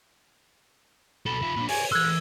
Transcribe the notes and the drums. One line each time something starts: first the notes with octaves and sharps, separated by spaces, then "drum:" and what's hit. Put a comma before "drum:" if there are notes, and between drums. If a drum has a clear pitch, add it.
B1 A4 B5
F3 E5
A#2 D4
C#5 D5 G#5, drum: open hi-hat
E3 C6 E6 F#6 G#6